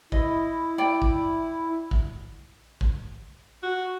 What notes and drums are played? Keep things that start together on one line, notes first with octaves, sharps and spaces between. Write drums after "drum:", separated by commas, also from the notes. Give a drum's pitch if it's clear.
E4 D#5, drum: kick
D5 G5
drum: kick
drum: kick
drum: kick
F#4